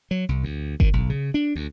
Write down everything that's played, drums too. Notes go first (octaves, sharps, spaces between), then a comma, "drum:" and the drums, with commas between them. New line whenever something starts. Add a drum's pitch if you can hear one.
F#3
C2
D2
D#3, drum: kick G1
B1
C#3
D4
D2